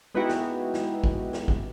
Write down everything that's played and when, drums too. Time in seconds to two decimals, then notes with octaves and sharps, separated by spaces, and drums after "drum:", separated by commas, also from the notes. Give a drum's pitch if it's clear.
0.14 G#3 B3 D#4 E4 F#4 G4
0.29 drum: snare
0.74 drum: snare
1.04 drum: kick
1.33 drum: snare
1.48 drum: kick